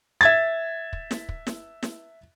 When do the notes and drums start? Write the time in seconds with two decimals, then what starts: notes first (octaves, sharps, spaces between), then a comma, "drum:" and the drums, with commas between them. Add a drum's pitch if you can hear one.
0.21 E5 G#6 A6
0.93 drum: kick
1.11 drum: snare
1.29 drum: kick
1.47 drum: snare
1.83 drum: snare